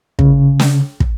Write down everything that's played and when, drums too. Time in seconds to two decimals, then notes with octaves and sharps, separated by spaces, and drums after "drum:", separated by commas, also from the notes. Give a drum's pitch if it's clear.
0.19 C#3, drum: kick
0.60 drum: snare
1.00 drum: kick